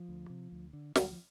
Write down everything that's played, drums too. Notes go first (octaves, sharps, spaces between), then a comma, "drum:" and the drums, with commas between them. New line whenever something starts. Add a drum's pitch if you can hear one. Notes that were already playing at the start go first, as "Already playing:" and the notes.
Already playing: F3
D2
C3
D2
D3
D2 G#3, drum: snare
G3
F3